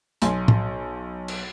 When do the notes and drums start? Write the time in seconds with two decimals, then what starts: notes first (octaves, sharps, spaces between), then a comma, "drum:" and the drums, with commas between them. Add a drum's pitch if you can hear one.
0.22 B1 G#5 C6, drum: hi-hat
0.48 drum: tom
1.28 drum: cymbal